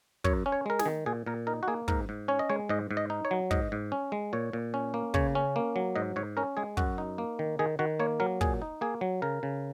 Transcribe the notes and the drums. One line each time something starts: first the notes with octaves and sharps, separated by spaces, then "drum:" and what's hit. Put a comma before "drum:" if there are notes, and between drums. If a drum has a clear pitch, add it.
F#2 C#5, drum: kick
C#4
C#5
G#3 A#4
G#4, drum: snare
D#3
A#2 G#4
A#2 A#4
D#4 A#4
F#4
A#3 G#4
G#2 A#4, drum: kick
G#2
C#4 C#5
D#5
G#3 C#5
G#2 D#5
G#2
D#5
D#4
C#5
F#3
G#2 D#5, drum: kick
G#2
C#4
G#3
A#2 C#5
A#2
C#4
A#3
C#3 C#5, drum: kick
C#4
A#3
F#3
G#2 D#5
G#2 C#5
C#4 A#4
G#3 G#4
F#2 F#4, drum: kick
D#4
A#3
D#3
D#3 G#4
D#3 F#4
A#3 C#5
F#3 A#4
A#2 G#4, drum: kick
D#4
A#3 G#4
F#3
C#3 A#4
C#3